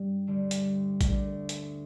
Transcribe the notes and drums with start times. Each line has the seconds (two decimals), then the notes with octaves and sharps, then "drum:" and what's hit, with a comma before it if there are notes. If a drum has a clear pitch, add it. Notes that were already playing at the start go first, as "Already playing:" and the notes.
Already playing: G2 G3
0.27 D2 D3 G3
0.51 drum: hi-hat
1.01 D2 D3 A3, drum: kick A1, hi-hat
1.49 drum: hi-hat